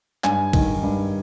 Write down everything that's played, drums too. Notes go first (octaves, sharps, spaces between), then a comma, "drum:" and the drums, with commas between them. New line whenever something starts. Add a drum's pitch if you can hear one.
G2 G#5, drum: clap
D#3, drum: kick, cymbal
G2